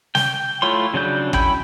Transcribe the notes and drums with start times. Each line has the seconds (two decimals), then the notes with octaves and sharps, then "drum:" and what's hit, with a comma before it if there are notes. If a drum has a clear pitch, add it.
0.15 G5, drum: snare
0.62 A3 E4 F4 C#5 C6
0.94 C#3 F#3 D4 G6
1.33 C#4 E4 G5 B5 G6, drum: kick